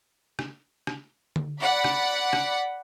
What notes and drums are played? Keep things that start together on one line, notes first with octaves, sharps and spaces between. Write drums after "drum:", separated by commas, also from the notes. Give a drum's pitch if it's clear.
drum: rim click
drum: rim click
drum: tom D3
D5 F#5 B5
drum: rim click
drum: rim click